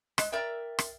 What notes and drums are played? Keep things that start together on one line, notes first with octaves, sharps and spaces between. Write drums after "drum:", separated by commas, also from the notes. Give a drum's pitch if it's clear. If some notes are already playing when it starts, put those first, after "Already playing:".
G#3, drum: rim click
A#4 D5 E5 G5
drum: rim click